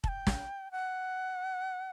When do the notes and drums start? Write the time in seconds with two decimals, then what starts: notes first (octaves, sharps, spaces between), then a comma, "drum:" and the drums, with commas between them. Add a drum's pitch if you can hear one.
0.04 A5, drum: kick
0.08 G5
0.27 drum: snare
0.72 F#5